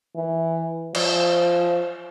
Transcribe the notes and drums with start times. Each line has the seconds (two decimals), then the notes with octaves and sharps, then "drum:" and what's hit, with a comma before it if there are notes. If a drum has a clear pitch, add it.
0.16 E3
0.95 F3, drum: cymbal